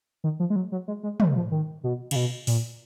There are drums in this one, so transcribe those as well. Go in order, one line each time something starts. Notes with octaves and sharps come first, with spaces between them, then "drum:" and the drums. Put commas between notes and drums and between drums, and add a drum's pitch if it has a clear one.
D#3
F3
G#3
F#3
F#3
G#3
G#3
G#3, drum: tom
F3
D#3
B2
C#3, drum: cymbal
B2
A#2, drum: open hi-hat